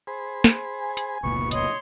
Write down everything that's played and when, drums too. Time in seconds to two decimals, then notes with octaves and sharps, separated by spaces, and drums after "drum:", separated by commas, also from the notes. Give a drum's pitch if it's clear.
0.07 G#4 C5 B5
0.44 drum: snare
0.77 G#5
0.97 drum: hi-hat
1.23 F1 C#2 A#2 B3 C#6
1.51 C#5 D#5 C6, drum: hi-hat